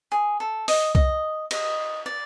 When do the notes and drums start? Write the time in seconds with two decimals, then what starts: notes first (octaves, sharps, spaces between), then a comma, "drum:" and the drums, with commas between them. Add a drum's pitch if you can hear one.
0.12 G#4
0.40 A4
0.68 D#5, drum: open hi-hat
0.95 D#5, drum: kick C2
1.51 D#5, drum: cymbal
2.06 D5